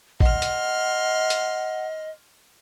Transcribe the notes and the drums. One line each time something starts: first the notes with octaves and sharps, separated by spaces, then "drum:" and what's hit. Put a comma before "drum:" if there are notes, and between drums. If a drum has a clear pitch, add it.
D#5 F#5 C6 F6, drum: kick
drum: hi-hat
drum: hi-hat